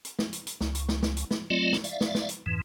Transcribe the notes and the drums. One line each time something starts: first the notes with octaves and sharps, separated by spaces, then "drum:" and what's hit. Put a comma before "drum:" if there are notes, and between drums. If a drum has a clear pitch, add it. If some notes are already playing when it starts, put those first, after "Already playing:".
drum: hi-hat
drum: snare
drum: hi-hat
drum: hi-hat
C#2, drum: snare
drum: hi-hat
drum: snare
drum: snare
drum: hi-hat
drum: snare
F#3 A3 C4 F4 D5 D#5
drum: snare
D5 E5 F5, drum: hi-hat
drum: snare
drum: snare
drum: hi-hat
F2 G#2 E3